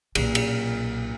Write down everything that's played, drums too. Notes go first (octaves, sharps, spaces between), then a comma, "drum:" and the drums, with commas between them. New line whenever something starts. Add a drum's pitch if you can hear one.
B1 A#2, drum: cymbal
drum: cymbal